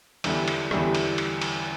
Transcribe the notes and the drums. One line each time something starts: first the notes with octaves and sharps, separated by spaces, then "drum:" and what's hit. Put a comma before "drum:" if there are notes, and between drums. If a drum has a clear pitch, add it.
E2 D3 G3 E4, drum: cymbal
drum: cymbal
E2 D3 G3 E4, drum: rim click
drum: cymbal
drum: cymbal
drum: cymbal